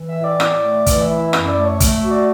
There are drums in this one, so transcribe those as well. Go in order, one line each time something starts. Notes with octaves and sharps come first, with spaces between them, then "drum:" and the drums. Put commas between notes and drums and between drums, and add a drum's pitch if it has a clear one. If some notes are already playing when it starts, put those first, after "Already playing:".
Already playing: E3
E5
A2
D5
A2, drum: rim click
A3
E3 D5, drum: kick, hi-hat
E5
E4
E5
F#2 E5, drum: rim click
D5
A3
C#5
A3, drum: kick, hi-hat
E5
F#4
D5